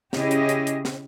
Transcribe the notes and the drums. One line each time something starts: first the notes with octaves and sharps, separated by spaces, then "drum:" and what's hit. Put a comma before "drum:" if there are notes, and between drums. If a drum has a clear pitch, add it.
C#3 C#4 E4 G4 G#4 D#5, drum: snare
drum: hi-hat
drum: hi-hat
drum: hi-hat
drum: snare